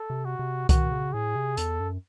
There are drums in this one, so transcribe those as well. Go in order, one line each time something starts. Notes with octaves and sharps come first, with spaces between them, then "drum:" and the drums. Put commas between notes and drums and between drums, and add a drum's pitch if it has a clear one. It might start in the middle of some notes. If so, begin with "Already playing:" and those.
Already playing: A4
C3
F#4
C3
D#3 F#4, drum: kick C2, hi-hat
C#3
A2 G#4
C3
E2 A4, drum: hi-hat
F#2